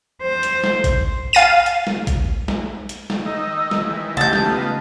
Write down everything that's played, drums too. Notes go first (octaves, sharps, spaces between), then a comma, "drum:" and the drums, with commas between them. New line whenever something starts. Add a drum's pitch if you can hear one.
C5
drum: hi-hat
drum: snare
drum: kick A1, hi-hat
F5 A6 D#7
drum: hi-hat
drum: snare
drum: kick A1, hi-hat
drum: snare
drum: hi-hat
drum: snare
D#3 D#4 E6
drum: snare
D#3 E3
C#3 A3 G4 A5 G6
drum: snare
B3 D#4 F4